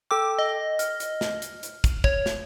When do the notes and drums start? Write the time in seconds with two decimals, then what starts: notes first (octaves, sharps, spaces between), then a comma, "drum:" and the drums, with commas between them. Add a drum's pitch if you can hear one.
0.11 A4 G5 D6 E6
0.39 D#5
0.79 F6, drum: hi-hat
1.00 drum: hi-hat
1.21 drum: snare
1.42 drum: hi-hat
1.63 drum: hi-hat
1.84 drum: kick, hi-hat
2.04 C#5, drum: kick
2.26 drum: snare